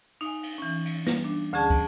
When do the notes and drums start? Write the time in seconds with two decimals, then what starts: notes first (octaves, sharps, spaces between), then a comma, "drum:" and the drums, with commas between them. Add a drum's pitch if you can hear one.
0.21 D#4 G#5, drum: cymbal
0.43 drum: cymbal
0.58 E3 C#4
0.85 drum: cymbal
1.07 G3, drum: snare
1.24 D4
1.53 D2 D3 C#4 G#4 A5
1.70 drum: kick, cymbal